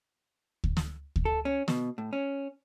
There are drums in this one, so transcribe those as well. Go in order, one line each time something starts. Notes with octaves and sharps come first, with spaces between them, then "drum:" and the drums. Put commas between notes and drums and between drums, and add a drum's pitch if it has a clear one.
drum: kick D2
drum: snare
drum: kick D2
A4
C#4
B2, drum: snare
A2
C#4